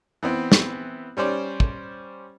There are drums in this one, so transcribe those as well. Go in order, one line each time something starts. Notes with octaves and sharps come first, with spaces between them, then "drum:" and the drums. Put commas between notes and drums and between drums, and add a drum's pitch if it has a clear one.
E3 B3 C4
drum: snare
G3 C#4 C5 D5
drum: kick